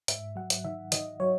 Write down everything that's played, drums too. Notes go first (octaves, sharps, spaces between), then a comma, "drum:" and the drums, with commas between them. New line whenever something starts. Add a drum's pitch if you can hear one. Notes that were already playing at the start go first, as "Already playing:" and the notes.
G#2 E5, drum: hi-hat
F#3 F#5
drum: hi-hat
D#3 E5
D#3 D#5, drum: hi-hat
F#3 C#5